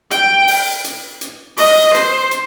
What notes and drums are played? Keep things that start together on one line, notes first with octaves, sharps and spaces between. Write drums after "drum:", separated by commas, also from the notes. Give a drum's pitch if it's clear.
G5, drum: hi-hat
drum: open hi-hat
drum: hi-hat
drum: hi-hat
D#5, drum: open hi-hat
C5, drum: hi-hat
drum: hi-hat